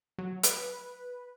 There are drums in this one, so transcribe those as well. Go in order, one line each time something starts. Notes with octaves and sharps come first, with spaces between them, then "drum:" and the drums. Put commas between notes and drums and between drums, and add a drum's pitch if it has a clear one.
F#3
B4, drum: hi-hat